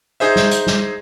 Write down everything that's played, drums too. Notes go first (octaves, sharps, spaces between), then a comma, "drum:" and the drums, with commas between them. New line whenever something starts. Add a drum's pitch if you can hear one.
D#4 G#4 C5 E5
drum: snare
drum: hi-hat
drum: snare